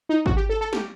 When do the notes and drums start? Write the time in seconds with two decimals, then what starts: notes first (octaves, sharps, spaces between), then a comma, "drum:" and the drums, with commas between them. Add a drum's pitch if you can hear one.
0.09 D#4
0.26 F#4, drum: kick G#1
0.37 G4
0.49 A4
0.61 A4
0.73 G4, drum: snare